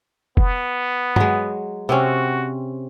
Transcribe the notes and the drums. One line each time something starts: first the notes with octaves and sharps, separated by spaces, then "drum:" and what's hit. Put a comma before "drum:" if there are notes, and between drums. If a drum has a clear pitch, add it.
B3, drum: kick
F#3 G#3, drum: tom
C3 C4 C#4 F#4